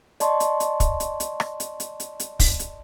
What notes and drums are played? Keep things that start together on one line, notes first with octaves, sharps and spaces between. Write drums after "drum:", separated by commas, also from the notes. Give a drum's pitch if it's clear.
D5 D#5 A5 C6 C#6, drum: hi-hat
drum: hi-hat
drum: hi-hat
drum: kick, hi-hat
drum: hi-hat
drum: hi-hat
drum: rim click
drum: hi-hat
drum: hi-hat
drum: hi-hat
drum: hi-hat
drum: kick, open hi-hat
drum: hi-hat